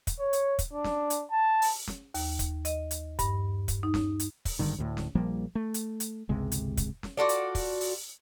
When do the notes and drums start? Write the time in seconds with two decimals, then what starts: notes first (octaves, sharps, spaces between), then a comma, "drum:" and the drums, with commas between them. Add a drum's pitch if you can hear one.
0.07 drum: kick, hi-hat
0.19 C#5
0.33 drum: hi-hat
0.59 drum: kick, hi-hat
0.73 D4
0.84 drum: snare
1.10 drum: hi-hat
1.31 A5
1.62 drum: open hi-hat
1.88 drum: snare
2.14 D#2, drum: open hi-hat
2.39 drum: kick, hi-hat
2.65 D#5, drum: hi-hat
2.91 drum: hi-hat
3.19 G2, drum: kick, hi-hat
3.68 drum: kick, hi-hat
3.83 D#4
3.94 drum: snare
4.20 drum: hi-hat
4.45 drum: kick, open hi-hat
4.59 G#1 G2 D3 D#3
4.78 D2 A2
4.97 drum: snare
5.15 A#1 F3 G3 A#3
5.55 A3
5.74 drum: hi-hat
6.00 drum: hi-hat
6.29 G1 C#2 C3 G#3
6.52 drum: hi-hat
6.77 drum: kick, hi-hat
7.03 drum: snare
7.17 F4 F#4 A4 D5
7.29 drum: hi-hat
7.55 drum: kick, open hi-hat
7.80 drum: open hi-hat